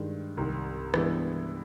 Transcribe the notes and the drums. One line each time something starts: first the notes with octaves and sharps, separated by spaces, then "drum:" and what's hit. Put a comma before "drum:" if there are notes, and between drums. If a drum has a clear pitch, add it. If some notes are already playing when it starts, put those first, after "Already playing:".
Already playing: G2 D#3 G#3
C2 C3 D#3
G2 E3 G#3 B3 E4, drum: rim click